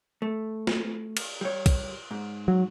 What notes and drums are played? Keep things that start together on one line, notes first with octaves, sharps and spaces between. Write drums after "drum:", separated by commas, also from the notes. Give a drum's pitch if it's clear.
A3
drum: snare
drum: cymbal
G3 C#5
drum: kick, cymbal
G#2
F#3